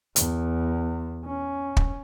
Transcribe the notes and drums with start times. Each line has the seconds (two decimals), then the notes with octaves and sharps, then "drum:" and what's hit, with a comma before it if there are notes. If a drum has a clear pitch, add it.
0.16 E2, drum: hi-hat
1.26 C#4
1.77 drum: kick